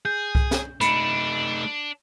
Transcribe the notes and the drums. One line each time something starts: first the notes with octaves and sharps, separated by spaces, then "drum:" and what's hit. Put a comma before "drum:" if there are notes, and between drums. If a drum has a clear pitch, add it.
G#4 G6
drum: kick C2
drum: snare
A3 D4 D#4 B5 C#7, drum: hi-hat